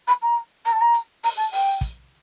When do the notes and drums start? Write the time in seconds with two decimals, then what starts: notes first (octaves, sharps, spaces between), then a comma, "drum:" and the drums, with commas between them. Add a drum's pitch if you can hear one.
0.07 B5, drum: hi-hat
0.22 A#5
0.65 A#5, drum: hi-hat
0.72 A5
0.81 A#5
0.94 drum: hi-hat
1.23 A#5, drum: open hi-hat
1.37 A5
1.53 G5, drum: open hi-hat
1.81 drum: kick, hi-hat